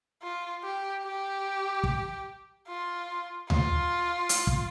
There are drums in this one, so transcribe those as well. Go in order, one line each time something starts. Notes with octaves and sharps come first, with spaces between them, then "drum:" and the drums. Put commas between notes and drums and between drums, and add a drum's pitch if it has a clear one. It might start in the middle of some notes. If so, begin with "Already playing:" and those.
F4
G4
G4
drum: kick
F4
F4, drum: tom D2
drum: hi-hat
drum: kick